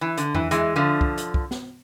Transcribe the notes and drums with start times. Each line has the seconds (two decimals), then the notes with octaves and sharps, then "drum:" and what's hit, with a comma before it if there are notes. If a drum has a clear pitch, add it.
0.01 E3
0.17 D3, drum: hi-hat
0.35 E3, drum: tom E2
0.51 E3 G#3, drum: hi-hat
0.76 D3 F3
1.01 drum: kick
1.18 drum: hi-hat
1.34 drum: kick
1.51 drum: snare